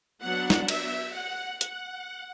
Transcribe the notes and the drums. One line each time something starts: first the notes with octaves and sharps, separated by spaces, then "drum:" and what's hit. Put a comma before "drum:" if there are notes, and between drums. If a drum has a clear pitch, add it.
F#3 B3 D4 F#5
drum: snare
E5, drum: cymbal
F#5
F#5, drum: hi-hat